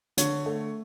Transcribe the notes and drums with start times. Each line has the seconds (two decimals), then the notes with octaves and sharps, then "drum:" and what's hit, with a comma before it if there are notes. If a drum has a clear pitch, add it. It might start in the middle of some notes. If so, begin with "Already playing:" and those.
0.17 D3 C#5, drum: hi-hat
0.46 A3